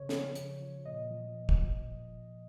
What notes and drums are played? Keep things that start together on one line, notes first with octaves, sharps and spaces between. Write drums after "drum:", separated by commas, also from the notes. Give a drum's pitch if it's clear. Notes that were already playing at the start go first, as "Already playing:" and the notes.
Already playing: C#3 C#5
F3, drum: snare
C#3, drum: hi-hat
F3
A#2 D#5
F3
A#2
drum: kick
F3